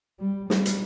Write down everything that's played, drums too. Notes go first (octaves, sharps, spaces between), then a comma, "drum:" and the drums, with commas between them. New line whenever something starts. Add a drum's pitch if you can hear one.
G3
G3, drum: snare
drum: hi-hat